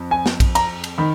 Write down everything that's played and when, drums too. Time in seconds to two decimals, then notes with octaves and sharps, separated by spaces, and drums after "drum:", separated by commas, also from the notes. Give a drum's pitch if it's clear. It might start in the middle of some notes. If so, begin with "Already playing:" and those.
Already playing: F2
0.11 G#5
0.26 drum: snare
0.40 drum: kick A#1, cymbal
0.55 A#5, drum: cymbal
0.84 drum: cymbal
0.98 D#3 B5